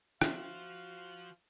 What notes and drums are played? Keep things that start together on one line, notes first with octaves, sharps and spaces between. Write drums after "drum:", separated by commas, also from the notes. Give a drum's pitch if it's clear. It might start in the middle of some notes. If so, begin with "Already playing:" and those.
F3 F#4 C5 E5 F5, drum: rim click